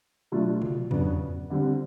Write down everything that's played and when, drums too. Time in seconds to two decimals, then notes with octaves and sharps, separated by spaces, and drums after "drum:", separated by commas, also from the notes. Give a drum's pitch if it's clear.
0.32 B2 F#3 A3 D4 F4
0.62 drum: tom
0.91 C#3 F#3 B3 D4 F#4, drum: tom
1.50 D3 G3 C4